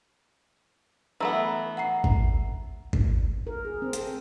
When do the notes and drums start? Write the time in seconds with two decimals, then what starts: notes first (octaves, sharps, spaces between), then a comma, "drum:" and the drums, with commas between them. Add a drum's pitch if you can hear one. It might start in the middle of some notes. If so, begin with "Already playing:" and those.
1.20 E3 A3 B3 A#5 E6
1.77 F#5 A#5 C7
2.04 drum: kick G#1
2.93 drum: kick G#1
3.47 A#4
3.65 G#4
3.82 C4
3.93 A4, drum: hi-hat